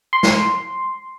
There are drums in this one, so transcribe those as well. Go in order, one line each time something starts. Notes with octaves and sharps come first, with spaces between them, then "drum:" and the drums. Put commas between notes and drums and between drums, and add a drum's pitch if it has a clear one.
C6
drum: snare